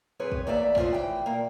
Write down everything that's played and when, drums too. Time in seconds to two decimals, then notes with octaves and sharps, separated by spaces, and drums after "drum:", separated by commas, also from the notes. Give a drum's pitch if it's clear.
0.19 F#2 C4 G#4 B4 C#5
0.32 drum: kick
0.47 E2 A2 A#3 D5 E5
0.77 C3 F3 A3 C#4 C5, drum: kick
0.93 A2 E3 G5
1.26 A#2 A#3